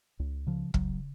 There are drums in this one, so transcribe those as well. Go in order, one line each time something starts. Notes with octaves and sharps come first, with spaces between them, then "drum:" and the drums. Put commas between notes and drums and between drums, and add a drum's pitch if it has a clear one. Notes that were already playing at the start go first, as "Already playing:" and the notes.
C#2
C#3 F3
C#3 F#3, drum: kick